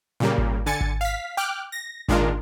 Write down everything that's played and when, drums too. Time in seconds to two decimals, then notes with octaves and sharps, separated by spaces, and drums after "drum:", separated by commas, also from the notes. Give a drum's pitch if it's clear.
0.20 A#2 C#3 G3 A#3
0.38 drum: kick G#1
0.66 D3 G#5 A6 C#7
0.81 drum: kick G#1
1.01 F5 B6
1.37 G5 D6 F6 F#6
1.72 A#6
2.08 A#2 D#3 G#3 D4 F4 A#4, drum: kick G#1